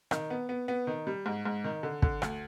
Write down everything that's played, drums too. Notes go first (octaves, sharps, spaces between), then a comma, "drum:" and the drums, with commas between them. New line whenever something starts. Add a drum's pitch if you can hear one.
D#3, drum: rim click
B3
B3
B3
D#3
G3
G#2
G#2
D#3
D3
D3, drum: kick
D2, drum: rim click